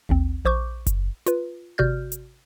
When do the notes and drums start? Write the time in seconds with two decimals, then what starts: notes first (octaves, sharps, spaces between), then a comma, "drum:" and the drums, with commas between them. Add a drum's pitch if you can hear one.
0.09 A1 D#2 C4
0.45 A#1 C5 C#6 D6 G6
0.87 drum: kick F#1, hi-hat
1.26 F4 B4, drum: hi-hat
1.78 G#1 C3 F#4 D5 F6 G6
2.12 drum: hi-hat